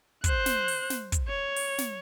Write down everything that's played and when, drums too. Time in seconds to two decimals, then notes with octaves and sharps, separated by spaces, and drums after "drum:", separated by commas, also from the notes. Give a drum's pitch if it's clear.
0.24 C5 F#6, drum: kick, hi-hat
0.46 drum: snare
0.68 drum: open hi-hat
0.90 drum: snare
1.12 drum: kick, hi-hat
1.28 C#5
1.56 drum: open hi-hat
1.78 drum: snare